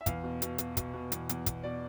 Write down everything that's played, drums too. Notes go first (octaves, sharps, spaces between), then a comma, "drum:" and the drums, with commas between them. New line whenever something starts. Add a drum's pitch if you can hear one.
E5
E2 F5, drum: kick, hi-hat
B2
B2, drum: hi-hat
B2, drum: hi-hat
B2, drum: kick, hi-hat
B2
E2, drum: hi-hat
E2, drum: hi-hat
B2, drum: kick, hi-hat
B2 D5